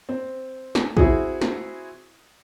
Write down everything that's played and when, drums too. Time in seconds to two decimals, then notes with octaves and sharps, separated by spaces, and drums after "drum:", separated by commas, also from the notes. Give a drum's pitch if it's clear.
0.09 C4
0.75 drum: snare
0.97 C4 E4 F#4 G#4, drum: kick
1.42 drum: snare